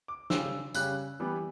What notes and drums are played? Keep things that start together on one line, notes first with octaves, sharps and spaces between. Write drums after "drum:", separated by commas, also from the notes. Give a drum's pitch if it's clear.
D6
C#3 G3 C#4 E6, drum: snare
C#3 G3 C#4 F#6, drum: tambourine
E3 G3 B3